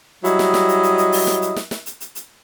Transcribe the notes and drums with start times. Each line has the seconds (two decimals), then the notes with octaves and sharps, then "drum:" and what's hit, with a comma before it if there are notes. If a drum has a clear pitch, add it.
0.25 F#3 G3 E4 D#5, drum: hi-hat
0.39 drum: snare
0.54 drum: snare
0.68 drum: hi-hat
0.83 drum: hi-hat
0.98 drum: hi-hat
1.12 drum: open hi-hat
1.27 drum: snare
1.42 drum: hi-hat
1.56 drum: snare
1.71 drum: snare
1.86 drum: hi-hat
2.00 drum: hi-hat
2.15 drum: hi-hat